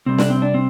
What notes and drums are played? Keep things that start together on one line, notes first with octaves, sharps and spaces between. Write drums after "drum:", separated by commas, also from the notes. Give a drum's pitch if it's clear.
C3 G3 C4
D4, drum: snare
C4
D4
C4